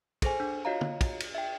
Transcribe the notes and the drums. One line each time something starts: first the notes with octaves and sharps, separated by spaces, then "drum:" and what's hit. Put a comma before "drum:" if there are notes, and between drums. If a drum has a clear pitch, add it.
G#4 A4 C5 G#5, drum: kick, cymbal
D4
F4 F#4 C#5 D#5 F5 A#5
drum: tom
drum: kick, cymbal
drum: cymbal
E5 G5